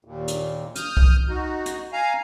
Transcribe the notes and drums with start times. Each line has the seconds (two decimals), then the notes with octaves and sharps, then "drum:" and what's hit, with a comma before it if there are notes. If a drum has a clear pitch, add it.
0.05 D#2 A#2
0.28 drum: hi-hat
0.75 D#6 F6 G6, drum: hi-hat
0.97 drum: kick C2
1.29 D#4 F#4
1.66 drum: hi-hat
1.93 F5 G#5 A#5